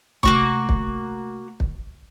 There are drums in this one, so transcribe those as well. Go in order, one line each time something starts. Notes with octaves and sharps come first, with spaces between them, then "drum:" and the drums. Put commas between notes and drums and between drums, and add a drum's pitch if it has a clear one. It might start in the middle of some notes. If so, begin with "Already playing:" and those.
C3 A3 A#3 F#4 C#6, drum: kick
drum: kick
drum: kick